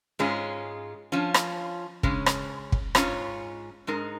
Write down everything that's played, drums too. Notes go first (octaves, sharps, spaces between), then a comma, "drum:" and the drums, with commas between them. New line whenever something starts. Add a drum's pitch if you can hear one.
G#2 G#3 C#4 F4 G#4
F3 C#4 F4
drum: rim click
C#3 G#3 C#4, drum: kick
drum: rim click
drum: kick
G#2 G#3 C#4 F4 C#5, drum: rim click
G#2 G#3 D#4 A#4